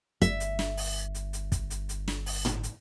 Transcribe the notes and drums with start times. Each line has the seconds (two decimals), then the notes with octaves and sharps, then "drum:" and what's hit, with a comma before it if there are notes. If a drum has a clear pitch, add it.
0.22 G1 E5, drum: hi-hat
0.40 drum: hi-hat
0.59 drum: snare
0.77 drum: open hi-hat
1.15 drum: hi-hat
1.33 drum: hi-hat
1.52 drum: kick, hi-hat
1.70 drum: hi-hat
1.89 drum: hi-hat
2.08 drum: snare
2.26 drum: open hi-hat
2.45 drum: tom
2.63 drum: hi-hat